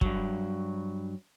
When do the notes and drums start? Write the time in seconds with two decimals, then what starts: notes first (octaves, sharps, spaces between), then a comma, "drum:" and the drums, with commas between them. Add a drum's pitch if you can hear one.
0.01 G2 F#3, drum: kick